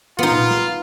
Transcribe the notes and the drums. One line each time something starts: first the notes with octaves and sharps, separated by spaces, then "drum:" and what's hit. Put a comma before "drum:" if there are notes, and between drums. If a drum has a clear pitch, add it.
B3 D#4 F4
drum: tom A#2
drum: snare